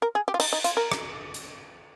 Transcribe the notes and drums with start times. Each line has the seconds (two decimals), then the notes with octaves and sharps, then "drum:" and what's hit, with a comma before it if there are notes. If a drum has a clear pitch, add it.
0.02 A#4
0.15 G#4
0.28 G4
0.34 F4
0.40 D#4, drum: cymbal
0.53 D#4
0.64 F4, drum: hi-hat
0.77 A#4
0.92 drum: rim click
1.34 drum: hi-hat